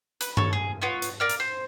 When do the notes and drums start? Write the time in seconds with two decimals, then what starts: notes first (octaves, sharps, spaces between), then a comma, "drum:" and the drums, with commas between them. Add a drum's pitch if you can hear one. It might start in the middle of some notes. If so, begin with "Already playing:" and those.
0.21 B4, drum: hi-hat
0.37 A4 C#5, drum: tom G2
0.53 G#4
0.82 B3 F4 C#5
1.02 drum: hi-hat
1.20 A#4 D5 F5
1.29 drum: hi-hat
1.40 C5